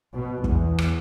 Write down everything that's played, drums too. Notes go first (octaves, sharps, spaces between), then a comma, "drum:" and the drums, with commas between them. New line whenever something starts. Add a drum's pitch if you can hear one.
B2
E2, drum: kick
drum: rim click